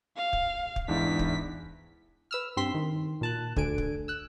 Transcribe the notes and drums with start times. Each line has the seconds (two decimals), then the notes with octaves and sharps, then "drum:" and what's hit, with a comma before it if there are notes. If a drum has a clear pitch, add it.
0.17 F5
0.33 drum: kick
0.76 drum: kick
0.88 E2 G#2 D4 E4 B6
1.19 drum: kick
2.31 B4 E6 F6
2.57 G2 C4 C6 B6
2.74 D#3
3.21 A#2 A5 F#6
3.56 D2 D3 G#5 D7, drum: kick
3.78 drum: kick
4.08 E6 F#6